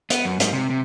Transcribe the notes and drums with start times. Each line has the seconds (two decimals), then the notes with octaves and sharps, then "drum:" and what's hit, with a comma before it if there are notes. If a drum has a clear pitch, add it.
0.10 B3, drum: hi-hat
0.25 F#2
0.40 G#2, drum: hi-hat
0.53 C3
0.70 C3